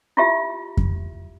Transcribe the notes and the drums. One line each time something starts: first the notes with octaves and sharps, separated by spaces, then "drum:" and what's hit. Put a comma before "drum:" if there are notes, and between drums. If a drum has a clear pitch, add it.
E4 F4 G4 E5
drum: kick F2